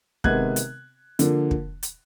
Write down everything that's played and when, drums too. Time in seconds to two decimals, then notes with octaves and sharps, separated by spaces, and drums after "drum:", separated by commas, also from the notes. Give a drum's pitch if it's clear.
0.24 C3 D#3 G#3 B3 F#6 G#6, drum: kick
0.56 drum: hi-hat
1.19 D3 F3 A#3, drum: hi-hat
1.51 drum: kick
1.83 drum: hi-hat